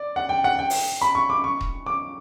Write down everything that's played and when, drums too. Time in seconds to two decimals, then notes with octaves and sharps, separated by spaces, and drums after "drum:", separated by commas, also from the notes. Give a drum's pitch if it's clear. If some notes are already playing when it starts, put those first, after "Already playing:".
Already playing: D5
0.16 F#5
0.29 G5
0.44 F#5
0.59 G5
0.70 drum: open hi-hat
1.02 B5
1.15 C#6
1.30 D6
1.44 C#6
1.61 drum: kick D#1
1.86 D6